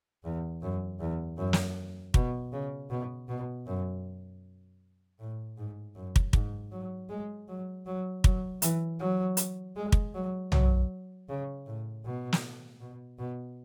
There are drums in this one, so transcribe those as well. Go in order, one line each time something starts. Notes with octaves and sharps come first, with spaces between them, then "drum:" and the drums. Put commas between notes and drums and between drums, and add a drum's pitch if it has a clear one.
E2
F#2
E2
F#2
drum: snare
B2, drum: kick
C#3
B2
B2
F#2
A2
G#2
F#2
drum: kick
G#2, drum: kick
F#3
G#3
F#3
F#3
F#3, drum: kick
E3, drum: hi-hat
F#3
drum: hi-hat
G#3
drum: kick
F#3
F#3, drum: tom B1
C#3
A2
B2
drum: snare
B2
B2